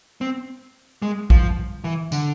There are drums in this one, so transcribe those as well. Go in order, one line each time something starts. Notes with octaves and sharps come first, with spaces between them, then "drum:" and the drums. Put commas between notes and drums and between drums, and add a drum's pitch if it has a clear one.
C4
G#3
F3, drum: kick A#1
E3
D3, drum: tambourine